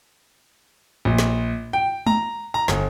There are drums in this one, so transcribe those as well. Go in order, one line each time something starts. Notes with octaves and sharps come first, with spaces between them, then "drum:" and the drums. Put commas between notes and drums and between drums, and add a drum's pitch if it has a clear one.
A#1
drum: snare
G5
A#5, drum: tom G#3
A#5
G1, drum: snare